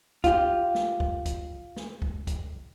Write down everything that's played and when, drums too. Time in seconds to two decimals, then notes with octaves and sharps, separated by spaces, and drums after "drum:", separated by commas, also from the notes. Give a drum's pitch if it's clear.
0.24 F4 G4, drum: kick, hi-hat
0.75 drum: snare
1.00 drum: kick
1.26 drum: kick, hi-hat
1.76 drum: snare
2.02 drum: kick
2.27 drum: kick, hi-hat